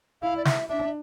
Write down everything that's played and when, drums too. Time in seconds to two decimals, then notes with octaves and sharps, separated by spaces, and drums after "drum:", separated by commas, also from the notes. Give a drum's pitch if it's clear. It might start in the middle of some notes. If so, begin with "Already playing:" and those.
0.22 E4 F5
0.37 D5
0.45 E5, drum: snare
0.68 D4 E5